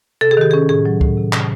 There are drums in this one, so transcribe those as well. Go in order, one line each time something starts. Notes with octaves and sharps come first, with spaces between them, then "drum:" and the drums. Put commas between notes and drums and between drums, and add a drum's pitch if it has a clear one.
C3 A4
G#4
D#3 G4
G#4
C#4
A2 G#4
F#3
A2, drum: kick
C3
C3, drum: clap